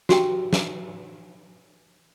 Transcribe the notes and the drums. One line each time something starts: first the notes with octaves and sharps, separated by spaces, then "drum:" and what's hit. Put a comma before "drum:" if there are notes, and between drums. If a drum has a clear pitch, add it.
F#4 G4 G5, drum: snare
drum: snare